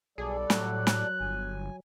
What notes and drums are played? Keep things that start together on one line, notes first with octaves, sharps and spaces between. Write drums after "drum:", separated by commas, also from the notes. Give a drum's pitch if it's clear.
B1 G3 G#4 A4 D5
A2 F#3 F#6, drum: snare
drum: snare
G1 G#5